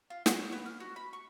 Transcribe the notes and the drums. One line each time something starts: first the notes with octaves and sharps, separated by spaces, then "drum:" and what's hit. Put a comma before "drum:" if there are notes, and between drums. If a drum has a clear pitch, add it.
F4
F#5, drum: snare
C#5
B3
F6
F#4
B5
C#6